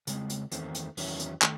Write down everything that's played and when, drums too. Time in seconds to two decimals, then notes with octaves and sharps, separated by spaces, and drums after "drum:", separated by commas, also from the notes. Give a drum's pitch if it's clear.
0.07 C#3 G#3 C4, drum: hi-hat
0.30 drum: hi-hat
0.51 E2 D#3 A3 C4, drum: hi-hat
0.75 drum: hi-hat
0.97 E2 D#3 F#3 C#4 E4, drum: open hi-hat
1.20 drum: hi-hat
1.42 D#3 A3, drum: clap